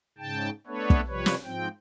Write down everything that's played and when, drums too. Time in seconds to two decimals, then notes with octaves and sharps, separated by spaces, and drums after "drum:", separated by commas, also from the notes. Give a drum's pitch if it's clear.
0.18 G#2 C#3 G5 A5
0.67 A3 B3 D4 A4 B4 C#5
0.90 drum: kick
1.08 C3 F3 G3 B4 C#5
1.26 drum: snare
1.44 G#2 F3 C4 G5